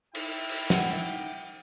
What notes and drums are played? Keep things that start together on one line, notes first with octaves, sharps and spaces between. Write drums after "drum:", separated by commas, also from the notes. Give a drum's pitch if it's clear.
D#4 E4 G5, drum: cymbal
drum: cymbal
F#5, drum: snare